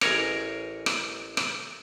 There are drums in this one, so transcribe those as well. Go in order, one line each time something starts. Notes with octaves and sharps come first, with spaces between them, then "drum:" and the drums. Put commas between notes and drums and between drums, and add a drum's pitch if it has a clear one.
A1 G#4 A#4 C#5, drum: rim click
drum: rim click
drum: rim click